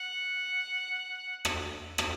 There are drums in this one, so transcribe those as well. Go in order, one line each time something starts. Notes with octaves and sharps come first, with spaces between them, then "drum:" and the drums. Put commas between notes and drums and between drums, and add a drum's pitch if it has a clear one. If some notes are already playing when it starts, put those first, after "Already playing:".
Already playing: F#5
drum: rim click
drum: rim click